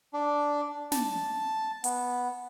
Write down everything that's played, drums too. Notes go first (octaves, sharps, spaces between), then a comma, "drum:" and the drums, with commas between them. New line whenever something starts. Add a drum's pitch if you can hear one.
D4
A5, drum: snare
B3, drum: hi-hat